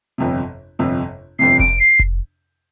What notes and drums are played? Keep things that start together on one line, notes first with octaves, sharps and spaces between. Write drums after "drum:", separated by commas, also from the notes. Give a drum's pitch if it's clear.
G1 F2 C3
G1 F2 C3
G1 F2 C3 C7
D7, drum: kick F1
C7
drum: kick F1